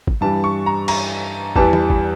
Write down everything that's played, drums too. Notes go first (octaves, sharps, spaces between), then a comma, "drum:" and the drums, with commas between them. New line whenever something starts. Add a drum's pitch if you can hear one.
drum: kick
G2 E3 G3 A5
C#6
A#5
A#5, drum: cymbal
E2 E3 G3 A5, drum: kick
drum: tom E3
drum: kick